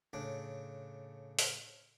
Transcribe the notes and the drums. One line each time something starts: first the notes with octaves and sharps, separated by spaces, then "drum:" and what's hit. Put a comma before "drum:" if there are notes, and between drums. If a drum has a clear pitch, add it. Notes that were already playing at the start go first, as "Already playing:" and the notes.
A2 C#3 D4
drum: open hi-hat